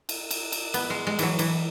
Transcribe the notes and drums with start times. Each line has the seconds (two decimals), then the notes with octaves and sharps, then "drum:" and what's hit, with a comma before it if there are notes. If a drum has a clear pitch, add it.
0.09 drum: cymbal
0.31 drum: cymbal
0.52 drum: cymbal
0.74 B3, drum: cymbal
0.90 G#3
1.07 G#3
1.19 E3 F#3, drum: cymbal
1.39 E3, drum: cymbal